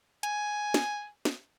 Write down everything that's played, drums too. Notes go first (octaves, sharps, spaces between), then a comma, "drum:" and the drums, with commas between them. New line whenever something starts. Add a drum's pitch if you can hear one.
G#5, drum: hi-hat
drum: snare
drum: snare